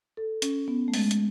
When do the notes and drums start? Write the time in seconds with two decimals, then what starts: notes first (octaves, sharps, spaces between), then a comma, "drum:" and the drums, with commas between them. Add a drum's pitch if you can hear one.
0.17 A4
0.42 C#4, drum: hi-hat
0.68 B3
0.88 A3
0.94 G#3, drum: open hi-hat
1.11 drum: hi-hat